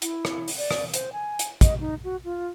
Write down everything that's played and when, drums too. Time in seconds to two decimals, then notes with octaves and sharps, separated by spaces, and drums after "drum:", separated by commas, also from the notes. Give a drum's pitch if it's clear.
0.02 E4, drum: hi-hat
0.25 drum: rim click
0.48 drum: open hi-hat
0.58 D5
0.71 drum: rim click
0.94 C5, drum: hi-hat
1.13 G#5
1.39 drum: hi-hat
1.61 D#5, drum: kick, hi-hat
1.80 D#4
2.04 F#4
2.24 F4